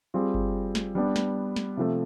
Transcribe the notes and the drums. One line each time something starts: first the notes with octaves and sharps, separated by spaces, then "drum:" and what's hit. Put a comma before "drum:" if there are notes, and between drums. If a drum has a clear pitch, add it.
G3 C4 F4 G#4
drum: kick G1
drum: snare
G3 B3 D4
drum: snare
drum: snare
C3 F3 A3